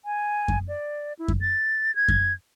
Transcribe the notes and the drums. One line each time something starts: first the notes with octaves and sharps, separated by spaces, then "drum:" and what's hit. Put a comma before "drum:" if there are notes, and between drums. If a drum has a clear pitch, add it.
G#5
drum: kick F#2
D5
E4
drum: kick F#2
A6
G#6
drum: kick F#2